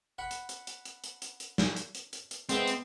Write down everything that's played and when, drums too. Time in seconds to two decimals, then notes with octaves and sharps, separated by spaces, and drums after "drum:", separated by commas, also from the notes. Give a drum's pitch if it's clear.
0.18 F#5 B5
0.31 drum: hi-hat
0.49 drum: hi-hat
0.67 drum: hi-hat
0.85 drum: hi-hat
1.04 drum: hi-hat
1.22 drum: hi-hat
1.40 drum: hi-hat
1.58 drum: snare
1.76 drum: hi-hat
1.95 drum: hi-hat
2.13 drum: hi-hat
2.31 drum: hi-hat
2.49 G#3 B3 C4 E5, drum: hi-hat
2.67 drum: hi-hat